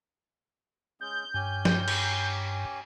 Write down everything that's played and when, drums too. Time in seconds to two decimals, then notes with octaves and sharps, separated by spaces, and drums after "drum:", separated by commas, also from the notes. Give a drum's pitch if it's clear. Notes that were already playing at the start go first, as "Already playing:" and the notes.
1.01 G#3 C#4 G#4 G6
1.34 G2 C#4 G4 G#5
1.65 drum: snare F3
1.88 drum: cymbal